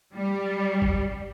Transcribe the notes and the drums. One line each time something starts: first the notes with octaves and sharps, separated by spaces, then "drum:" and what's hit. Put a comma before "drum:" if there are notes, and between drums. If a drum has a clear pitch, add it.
G3
drum: kick A1